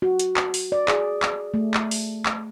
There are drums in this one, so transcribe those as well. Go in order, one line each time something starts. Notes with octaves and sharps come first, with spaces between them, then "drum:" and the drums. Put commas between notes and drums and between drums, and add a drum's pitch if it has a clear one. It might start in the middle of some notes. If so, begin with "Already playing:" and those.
F#4
drum: hi-hat
drum: clap
drum: open hi-hat
D5
G#4, drum: clap
drum: clap
A3
drum: clap
drum: open hi-hat
drum: clap